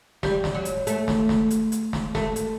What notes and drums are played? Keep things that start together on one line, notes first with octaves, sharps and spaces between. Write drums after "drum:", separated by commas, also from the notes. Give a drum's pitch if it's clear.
G3, drum: snare
drum: snare
F#3
drum: hi-hat
A3, drum: hi-hat
drum: snare
drum: snare
drum: hi-hat
drum: hi-hat
drum: snare
A3, drum: snare
drum: hi-hat